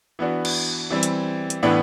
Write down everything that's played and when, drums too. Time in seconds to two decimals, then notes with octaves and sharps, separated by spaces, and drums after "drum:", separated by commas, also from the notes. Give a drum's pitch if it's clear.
0.19 E3 B3 D4 F#4
0.45 drum: cymbal
0.90 E3 G3 C4
1.03 drum: hi-hat
1.50 drum: hi-hat
1.63 A2 E3 B3 D4